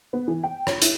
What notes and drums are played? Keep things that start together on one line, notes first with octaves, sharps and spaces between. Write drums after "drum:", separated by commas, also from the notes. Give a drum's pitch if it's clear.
B3
E3
G5
C#5, drum: rim click
E4, drum: hi-hat